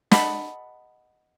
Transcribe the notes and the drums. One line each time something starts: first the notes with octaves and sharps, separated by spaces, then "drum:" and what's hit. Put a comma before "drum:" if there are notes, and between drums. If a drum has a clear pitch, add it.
D#5 F#5 A5 B5 D6, drum: snare